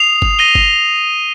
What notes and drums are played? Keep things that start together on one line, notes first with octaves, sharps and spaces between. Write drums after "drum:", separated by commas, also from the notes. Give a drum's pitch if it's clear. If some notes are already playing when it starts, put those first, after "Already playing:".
Already playing: D#6 C7 F7
drum: kick G1
A#6 D#7 G7
drum: kick G1